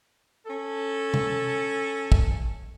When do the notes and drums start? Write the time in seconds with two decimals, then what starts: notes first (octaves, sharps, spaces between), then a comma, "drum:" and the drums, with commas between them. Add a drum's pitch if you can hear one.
0.46 C#4 A4
1.14 drum: tom C3
2.12 drum: kick